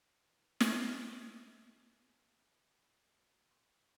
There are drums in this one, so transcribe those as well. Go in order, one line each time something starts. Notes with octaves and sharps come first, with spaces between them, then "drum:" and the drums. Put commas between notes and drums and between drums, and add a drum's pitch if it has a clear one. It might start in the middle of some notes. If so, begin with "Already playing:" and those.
Already playing: F#2
E3 B3
F#2, drum: snare
E3 B3
F#2
E3 B3
F#2
E3 B3
A#2 B5
F#3 A#3
A#2 C#6
B5